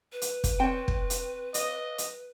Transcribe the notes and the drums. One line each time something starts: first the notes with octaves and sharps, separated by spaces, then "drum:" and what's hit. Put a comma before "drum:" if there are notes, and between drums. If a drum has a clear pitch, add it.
B4
drum: hi-hat
drum: kick, hi-hat
C4 C#5 G5
drum: kick
drum: hi-hat
D#5, drum: hi-hat
drum: hi-hat